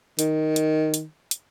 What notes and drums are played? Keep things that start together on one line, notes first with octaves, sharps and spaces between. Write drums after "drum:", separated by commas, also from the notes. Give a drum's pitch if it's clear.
D#3, drum: hi-hat
drum: hi-hat
drum: hi-hat
drum: hi-hat